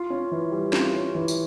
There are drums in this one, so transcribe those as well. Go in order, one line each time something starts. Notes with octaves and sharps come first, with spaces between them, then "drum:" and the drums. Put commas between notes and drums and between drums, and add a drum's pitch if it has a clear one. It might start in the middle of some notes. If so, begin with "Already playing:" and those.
Already playing: F4
C#4
E3
G3
F4, drum: snare
C#4
E3
drum: tambourine